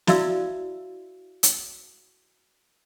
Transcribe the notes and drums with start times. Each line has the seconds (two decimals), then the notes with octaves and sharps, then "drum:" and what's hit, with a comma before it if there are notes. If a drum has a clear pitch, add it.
0.07 E4 F#4 D5 E5 F5 E6, drum: snare
1.43 drum: hi-hat